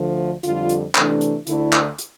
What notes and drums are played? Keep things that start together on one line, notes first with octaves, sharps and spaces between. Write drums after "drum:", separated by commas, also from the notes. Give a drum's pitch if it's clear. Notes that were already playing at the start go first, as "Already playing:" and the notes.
Already playing: D2 D3 F3 A3
F2 D3 G3 F4, drum: hi-hat
drum: hi-hat
C3 E3 A3 D4, drum: clap
drum: hi-hat
D2 D3 A3 D4 E4, drum: hi-hat
drum: clap
drum: hi-hat